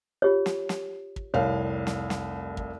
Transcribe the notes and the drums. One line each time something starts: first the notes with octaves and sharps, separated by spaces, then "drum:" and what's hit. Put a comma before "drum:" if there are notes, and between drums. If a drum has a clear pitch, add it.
F4 G4 C#5
drum: snare
drum: snare
drum: kick
F1 C2 C#5 F5
drum: snare
drum: snare
drum: kick